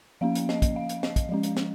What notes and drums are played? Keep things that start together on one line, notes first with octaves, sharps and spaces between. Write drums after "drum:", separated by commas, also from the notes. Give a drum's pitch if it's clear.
F3 A#3 C#4 F5
drum: hi-hat
D#5, drum: snare
drum: kick, hi-hat
F5
drum: hi-hat
D#5, drum: snare
drum: kick, hi-hat
F3 G#3 C#4
drum: hi-hat
drum: snare